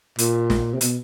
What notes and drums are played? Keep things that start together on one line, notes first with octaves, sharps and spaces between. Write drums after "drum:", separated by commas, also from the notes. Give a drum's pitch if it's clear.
A#2, drum: hi-hat
drum: snare
C3
B2, drum: hi-hat